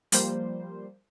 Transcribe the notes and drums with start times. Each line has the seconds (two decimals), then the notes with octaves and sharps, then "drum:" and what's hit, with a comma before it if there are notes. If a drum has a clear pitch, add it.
0.12 F3 G3 A#3 C5, drum: hi-hat